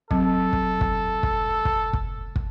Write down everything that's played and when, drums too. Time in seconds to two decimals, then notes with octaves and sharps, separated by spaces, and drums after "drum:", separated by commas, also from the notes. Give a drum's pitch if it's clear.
0.11 F#3 C4 A4, drum: kick
0.53 drum: kick
0.81 drum: kick
1.23 drum: kick
1.65 drum: kick
1.93 drum: kick
2.36 drum: kick